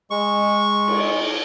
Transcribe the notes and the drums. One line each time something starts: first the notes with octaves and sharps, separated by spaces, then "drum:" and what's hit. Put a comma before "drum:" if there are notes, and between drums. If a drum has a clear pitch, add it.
G#3 C#6
drum: cymbal